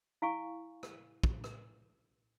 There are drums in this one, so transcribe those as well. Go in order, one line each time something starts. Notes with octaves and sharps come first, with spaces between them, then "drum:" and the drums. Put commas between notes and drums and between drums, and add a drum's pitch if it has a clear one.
E4 F5 G#5 C#6
drum: rim click
drum: kick
drum: rim click